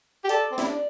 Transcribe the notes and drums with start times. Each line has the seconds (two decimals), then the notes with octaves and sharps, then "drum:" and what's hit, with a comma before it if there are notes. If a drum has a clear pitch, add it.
0.24 G4
0.29 A4 D5, drum: hi-hat
0.52 C4
0.58 E4, drum: snare
0.64 D4